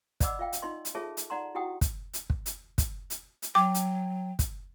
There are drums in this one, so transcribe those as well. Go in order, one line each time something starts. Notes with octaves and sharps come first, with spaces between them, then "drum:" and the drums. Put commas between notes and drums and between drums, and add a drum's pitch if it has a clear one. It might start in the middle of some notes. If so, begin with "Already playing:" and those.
D5 D#5 F#5 B5 D6 E6, drum: kick, hi-hat
F4 E5 F5 G5
drum: hi-hat
D#4 F4 D#5 C6
drum: hi-hat
F4 G#4 A4 C#5 E5 A5
drum: hi-hat
D#4 D5 F#5 A#5 C6
E4 F#4 G4 F#5 G5 D#6
drum: kick, hi-hat
drum: hi-hat
drum: kick
drum: hi-hat
drum: kick, hi-hat
drum: hi-hat
drum: hi-hat
F#3 G5 D6
drum: hi-hat
drum: kick, hi-hat